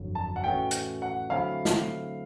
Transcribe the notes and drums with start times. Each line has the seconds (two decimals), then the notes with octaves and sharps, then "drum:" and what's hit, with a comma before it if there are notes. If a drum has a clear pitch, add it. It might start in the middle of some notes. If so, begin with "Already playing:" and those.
Already playing: G1 F2 D3 F#3
0.15 A5
0.36 F#5
0.44 A2 E3 A3 C#4 F#4 G5
0.71 drum: hi-hat
1.02 F#5
1.30 D3 F#3 A3 C4 E4 F5
1.65 drum: snare